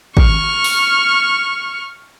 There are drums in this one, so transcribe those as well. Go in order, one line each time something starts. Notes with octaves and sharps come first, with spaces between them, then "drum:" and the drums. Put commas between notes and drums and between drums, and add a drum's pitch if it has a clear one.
C#6 F6, drum: kick
drum: open hi-hat